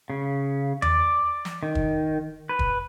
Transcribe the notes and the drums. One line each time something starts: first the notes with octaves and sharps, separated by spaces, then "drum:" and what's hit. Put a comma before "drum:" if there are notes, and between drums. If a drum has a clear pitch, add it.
C#3
D5, drum: tom E2
drum: snare
D#3
drum: kick
B4
drum: kick